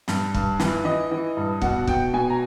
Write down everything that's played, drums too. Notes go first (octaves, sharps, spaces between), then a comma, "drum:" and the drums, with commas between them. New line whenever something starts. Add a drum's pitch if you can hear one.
G2, drum: snare
G2, drum: kick
E3, drum: snare
E3 D#5
E3
G2
B2 F#5, drum: kick
B2 G5, drum: kick
B2 G#5
A#5